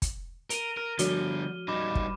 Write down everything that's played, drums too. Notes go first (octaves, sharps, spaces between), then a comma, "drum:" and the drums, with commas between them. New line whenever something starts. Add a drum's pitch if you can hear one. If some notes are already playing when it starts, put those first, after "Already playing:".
drum: kick, hi-hat
A#4 D7 D#7 F7 G7, drum: hi-hat
A#4 F6
D3 F3 G3 F#4 G7, drum: hi-hat
G3 D#4 B5 D6 E7
drum: kick